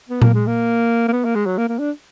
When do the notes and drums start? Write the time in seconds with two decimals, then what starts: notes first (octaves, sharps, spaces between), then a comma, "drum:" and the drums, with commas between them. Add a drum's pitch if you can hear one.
0.09 B3
0.22 A#3, drum: tom A#2
0.34 G#3
0.47 A#3
1.08 A#3
1.12 B3
1.24 A#3
1.35 G#3
1.46 F#3
1.58 A#3
1.68 A#3
1.79 D4